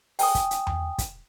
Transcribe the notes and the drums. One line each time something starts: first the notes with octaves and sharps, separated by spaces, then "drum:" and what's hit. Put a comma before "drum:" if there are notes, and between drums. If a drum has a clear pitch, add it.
G5 G#5 D#6, drum: open hi-hat
drum: kick, hi-hat
drum: hi-hat
drum: tom E2
drum: kick, hi-hat